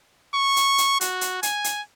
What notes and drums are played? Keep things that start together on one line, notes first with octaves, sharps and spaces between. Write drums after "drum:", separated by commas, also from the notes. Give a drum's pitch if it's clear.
C#6
drum: hi-hat
drum: hi-hat
F#4, drum: hi-hat
drum: hi-hat
G#5, drum: hi-hat
drum: hi-hat